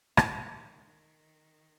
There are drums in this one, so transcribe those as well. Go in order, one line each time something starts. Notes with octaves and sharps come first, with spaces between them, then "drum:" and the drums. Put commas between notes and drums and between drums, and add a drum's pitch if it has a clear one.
D#3, drum: rim click
D#3